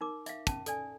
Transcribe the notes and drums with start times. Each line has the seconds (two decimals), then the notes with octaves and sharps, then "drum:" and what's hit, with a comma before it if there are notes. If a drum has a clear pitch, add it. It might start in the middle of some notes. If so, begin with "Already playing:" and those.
0.01 D#4 A#4 D6
0.26 E5 F5, drum: hi-hat
0.47 C#4 A5, drum: kick, hi-hat
0.66 A4 D5 G#5, drum: hi-hat